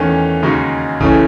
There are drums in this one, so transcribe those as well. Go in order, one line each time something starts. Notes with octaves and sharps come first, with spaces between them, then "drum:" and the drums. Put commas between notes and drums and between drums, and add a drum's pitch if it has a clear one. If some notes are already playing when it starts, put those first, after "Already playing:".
Already playing: E2 D#3 A3 C#4
D#2 C#3 G#3 D#4 F#4
C#3 E3 A3 C#4, drum: kick A#1